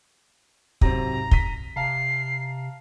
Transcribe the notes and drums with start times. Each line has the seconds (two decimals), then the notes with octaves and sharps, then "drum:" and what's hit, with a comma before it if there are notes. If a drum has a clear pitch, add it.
0.81 G#2 C3 F#3 C4 A#5, drum: kick
1.31 B6 D#7 G7, drum: kick
1.76 C3 F5 A5 A#5 C7